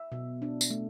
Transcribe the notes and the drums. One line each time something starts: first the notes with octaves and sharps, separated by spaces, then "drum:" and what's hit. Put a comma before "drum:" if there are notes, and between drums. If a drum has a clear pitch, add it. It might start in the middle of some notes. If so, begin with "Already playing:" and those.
Already playing: E5
B2
D4
drum: tambourine
A3